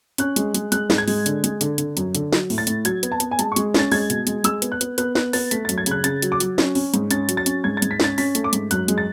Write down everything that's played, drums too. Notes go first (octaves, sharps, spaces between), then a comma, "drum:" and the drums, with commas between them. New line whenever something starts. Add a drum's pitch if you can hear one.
C#4 F#6, drum: hi-hat
G#3, drum: hi-hat
G#3, drum: hi-hat
G#3 F#6, drum: hi-hat
G#2, drum: snare
G#6
G#3, drum: open hi-hat
D3, drum: hi-hat
G#3, drum: hi-hat
D3, drum: hi-hat
D3, drum: hi-hat
F#2, drum: hi-hat
D3, drum: hi-hat
F#3, drum: snare
A2, drum: open hi-hat
A6
A2, drum: hi-hat
F#3 G#6, drum: hi-hat
B3, drum: hi-hat
A5
B3, drum: hi-hat
G#5
G#3 A5, drum: hi-hat
C#6
G#3, drum: hi-hat
C#4 A6, drum: snare
G#3 G#6, drum: open hi-hat
B2, drum: hi-hat
G#3, drum: hi-hat
G#3 E6, drum: hi-hat
B3, drum: hi-hat
F#6
B3, drum: hi-hat
B3 F#6, drum: hi-hat
B3 F#6, drum: snare
B3 A6, drum: open hi-hat
A3 B6, drum: hi-hat
A6
F#2, drum: hi-hat
G#6
C#3, drum: hi-hat
F#6
C#3 A6, drum: hi-hat
F#3, drum: hi-hat
D6
F#3, drum: hi-hat
C#4, drum: snare
C#4, drum: open hi-hat
G#2, drum: hi-hat
C#4 A6, drum: hi-hat
F#3, drum: hi-hat
A6
C#4, drum: hi-hat
G#2 G#6
A6
G#2, drum: hi-hat
B6
C#4 A6, drum: snare
C#4 B6, drum: open hi-hat
A3, drum: hi-hat
D6
G#2, drum: hi-hat
F#2 F#6, drum: hi-hat
G#3, drum: hi-hat
A6